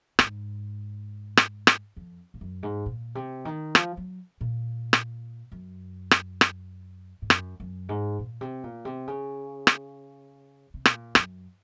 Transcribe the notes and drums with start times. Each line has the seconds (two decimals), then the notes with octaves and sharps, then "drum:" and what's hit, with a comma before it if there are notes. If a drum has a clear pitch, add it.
0.19 G#2, drum: rim click
1.37 drum: rim click
1.67 drum: rim click
1.96 F2
2.34 G#2
2.41 F#2
2.63 G#2
2.86 A#2
3.15 C3
3.45 D#3
3.75 F3, drum: rim click
3.97 F#3
4.41 A#2
4.93 drum: rim click
5.52 F#2
6.11 drum: rim click
6.41 drum: rim click
7.22 G#2
7.30 F#2, drum: rim click
7.60 F#2
7.89 G#2
8.19 A#2
8.41 C3
8.64 A#2
8.85 C3
9.07 C#3
9.67 drum: rim click
10.74 C3
10.85 A#2, drum: rim click
11.15 F#2, drum: rim click